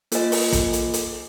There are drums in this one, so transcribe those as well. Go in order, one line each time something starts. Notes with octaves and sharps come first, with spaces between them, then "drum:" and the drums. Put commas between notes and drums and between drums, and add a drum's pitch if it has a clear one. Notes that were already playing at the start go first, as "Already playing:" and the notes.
A#3 F4 C5 D#5 G#5, drum: hi-hat
drum: open hi-hat
drum: kick, hi-hat
drum: hi-hat
drum: hi-hat